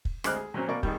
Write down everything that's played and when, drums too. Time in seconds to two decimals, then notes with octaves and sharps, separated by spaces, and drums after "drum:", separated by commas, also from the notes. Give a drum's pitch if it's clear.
0.05 drum: kick
0.24 D2 G#3 C4 D6 F6 F#6, drum: rim click
0.36 G#4
0.54 A#2 F#3 C4 C#4
0.68 B2 A#3 D5 C#6
0.83 G#1 D#3 G3, drum: kick